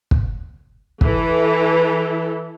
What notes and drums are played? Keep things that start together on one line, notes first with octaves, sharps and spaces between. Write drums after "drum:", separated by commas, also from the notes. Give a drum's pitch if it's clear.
drum: kick
E3 A4, drum: kick